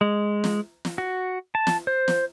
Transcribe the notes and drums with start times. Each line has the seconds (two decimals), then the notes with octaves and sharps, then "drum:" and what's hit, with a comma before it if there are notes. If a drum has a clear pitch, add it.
0.01 G#3
0.44 drum: snare
0.85 drum: snare
0.98 F#4
1.55 A5
1.67 drum: snare
1.87 C5
2.08 drum: snare